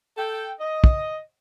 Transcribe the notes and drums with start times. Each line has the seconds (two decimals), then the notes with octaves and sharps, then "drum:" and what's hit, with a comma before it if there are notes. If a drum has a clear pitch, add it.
0.17 A4 G5
0.59 D#5
0.84 drum: kick